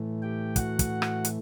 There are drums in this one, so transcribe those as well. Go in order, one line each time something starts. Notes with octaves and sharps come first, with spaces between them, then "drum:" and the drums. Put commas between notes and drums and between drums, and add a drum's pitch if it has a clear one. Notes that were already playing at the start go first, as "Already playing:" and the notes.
Already playing: A2 E3 A3
G4 G5
F#4 F#5, drum: kick, hi-hat
drum: kick, hi-hat
drum: rim click
drum: hi-hat